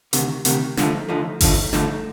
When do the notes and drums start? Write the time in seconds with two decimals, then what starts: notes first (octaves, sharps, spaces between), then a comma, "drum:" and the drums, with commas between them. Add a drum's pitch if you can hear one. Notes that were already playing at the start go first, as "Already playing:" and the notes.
0.13 D2 C3 D#3, drum: hi-hat
0.45 D2 C3 D#3, drum: hi-hat
0.77 D2 D3 F3 A3 D#4, drum: snare
1.08 D2 D3 F3 A3 D#4
1.41 D2 D3 F3 A3 D#4, drum: kick G1, open hi-hat
1.73 D2 D3 F3 A3 D#4, drum: snare